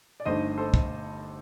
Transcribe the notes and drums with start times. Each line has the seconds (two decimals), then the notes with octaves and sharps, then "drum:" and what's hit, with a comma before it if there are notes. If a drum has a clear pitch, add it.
0.20 D5
0.25 G1 G2 D#3 A3 C5 D#5
0.58 A4 C5
0.74 drum: kick